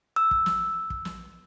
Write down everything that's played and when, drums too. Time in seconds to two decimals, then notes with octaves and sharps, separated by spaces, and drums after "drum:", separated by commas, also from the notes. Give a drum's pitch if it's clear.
0.16 E6
0.31 drum: kick
0.46 drum: snare
0.90 drum: kick
1.05 drum: snare